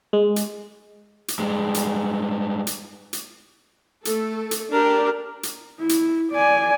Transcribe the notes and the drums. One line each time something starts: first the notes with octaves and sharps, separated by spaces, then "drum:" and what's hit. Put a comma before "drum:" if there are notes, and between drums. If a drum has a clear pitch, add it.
G#3
drum: hi-hat
drum: hi-hat
G2 G#3
drum: hi-hat
drum: hi-hat
drum: hi-hat
A3 A4, drum: hi-hat
drum: hi-hat
D4 G4 A#4
drum: hi-hat
E4
drum: hi-hat
D5 G#5